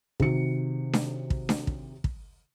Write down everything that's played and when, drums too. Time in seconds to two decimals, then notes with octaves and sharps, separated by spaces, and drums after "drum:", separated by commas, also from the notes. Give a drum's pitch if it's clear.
0.20 C3 D#3 F#4 C#7, drum: kick
0.93 drum: snare D4
1.30 drum: kick
1.49 drum: snare D4
1.67 drum: kick
2.04 drum: kick